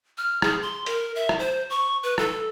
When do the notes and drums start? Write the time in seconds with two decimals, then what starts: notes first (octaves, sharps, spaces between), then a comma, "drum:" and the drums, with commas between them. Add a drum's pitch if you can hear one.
0.18 F6
0.42 G#4, drum: rim click
0.62 C6
0.86 A#4, drum: hi-hat
1.15 E5
1.29 drum: rim click
1.39 C5
1.70 C#6
2.03 B4
2.18 A4, drum: rim click